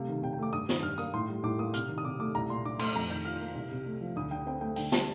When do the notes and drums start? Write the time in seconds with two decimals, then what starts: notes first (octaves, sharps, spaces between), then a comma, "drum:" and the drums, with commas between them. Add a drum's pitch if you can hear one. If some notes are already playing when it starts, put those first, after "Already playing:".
Already playing: C3 A3 F5
0.08 D#3
0.22 C3 G5
0.33 G5
0.38 A3 D6
0.53 G2 D#6
0.69 D#3, drum: snare
0.83 G2 F6
0.98 A#3 D#6, drum: tambourine
1.13 A2 C6
1.28 G3
1.43 A2 D6
1.58 A#3 D#6
1.74 C3 F6, drum: hi-hat
1.89 D#3
1.98 D#6
2.05 C3 D6
2.19 A3 D6
2.35 C2 A#5
2.49 A#2 C6
2.64 D4 D6
2.79 A3 C6, drum: cymbal
2.95 F2 A#5
3.10 D#3 G6
3.25 F4 F6
3.40 A#3
3.55 C2
3.71 C3
3.86 A3
4.01 F3
4.16 D2 D#6
4.31 D3 G5
4.47 C4 G5
4.61 A3 G5
4.76 D3 G5, drum: open hi-hat
4.92 G3 A5, drum: snare